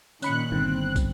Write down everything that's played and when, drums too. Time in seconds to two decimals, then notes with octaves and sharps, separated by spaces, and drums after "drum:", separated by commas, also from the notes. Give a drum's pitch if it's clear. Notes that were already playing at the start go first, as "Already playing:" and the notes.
0.22 A#2 D#3 C#4 B5 F#6 C#7, drum: tambourine
0.52 G1 D#3 C4
0.96 drum: kick, tambourine